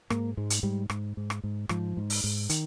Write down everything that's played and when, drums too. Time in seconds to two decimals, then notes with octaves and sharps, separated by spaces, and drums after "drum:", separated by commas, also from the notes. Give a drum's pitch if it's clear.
0.10 G#2 A#3, drum: rim click
0.37 G#2 G#3
0.50 drum: hi-hat
0.63 G#2 G3
0.90 G#2, drum: rim click
1.17 G#2
1.30 drum: rim click
1.44 G#2
1.69 G#2 F3, drum: rim click
1.97 G#2
2.10 drum: open hi-hat
2.24 G#2
2.49 D#3, drum: hi-hat